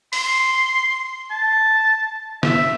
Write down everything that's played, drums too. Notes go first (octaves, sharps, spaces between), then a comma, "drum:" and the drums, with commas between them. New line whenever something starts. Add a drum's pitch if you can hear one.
C6, drum: open hi-hat
A5
E5, drum: snare